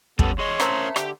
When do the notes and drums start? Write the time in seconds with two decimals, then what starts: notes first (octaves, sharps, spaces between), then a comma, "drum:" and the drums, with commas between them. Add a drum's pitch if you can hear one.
0.19 G3 B3 C#4 A4, drum: kick
0.38 E2 G#4 C#5 D#5 C6 C#6
0.60 A3 A#3 C4 C#4 A#4 C5, drum: rim click
0.96 D3 G4, drum: rim click